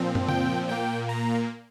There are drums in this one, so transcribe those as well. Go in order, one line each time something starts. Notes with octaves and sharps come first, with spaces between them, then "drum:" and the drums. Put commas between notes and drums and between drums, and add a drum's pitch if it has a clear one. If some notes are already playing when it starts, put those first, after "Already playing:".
Already playing: A#2 F3 C4
drum: tom
G5, drum: tom
A#2 A#3 G5
A#5